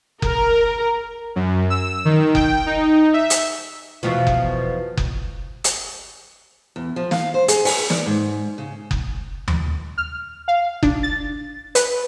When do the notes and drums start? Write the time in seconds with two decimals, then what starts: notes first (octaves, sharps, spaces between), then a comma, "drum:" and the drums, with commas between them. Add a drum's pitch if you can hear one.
0.22 A#4, drum: kick F#1
1.36 F#2
1.70 E6
2.05 D#3
2.35 G5, drum: kick F#1
2.66 D#4
3.14 E5
3.30 drum: hi-hat
4.03 E2 B2 F3
4.27 drum: kick F#1
4.97 drum: kick F#1
5.64 drum: hi-hat
6.76 E2
6.96 F3
7.11 F5, drum: snare
7.34 C5
7.48 G#4, drum: hi-hat
7.65 B4, drum: open hi-hat
7.90 D5, drum: snare
8.06 G#2
8.58 C#3
8.91 drum: kick F#1
9.48 drum: tom D#2
9.98 F6
10.48 F5
10.83 D4, drum: kick F#1
11.03 A6
11.75 B4, drum: hi-hat